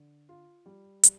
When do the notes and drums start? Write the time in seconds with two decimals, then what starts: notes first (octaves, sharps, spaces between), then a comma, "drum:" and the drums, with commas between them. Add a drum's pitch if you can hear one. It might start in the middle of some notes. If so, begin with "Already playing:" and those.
Already playing: D3
0.29 F4
0.66 G3
1.03 G3, drum: hi-hat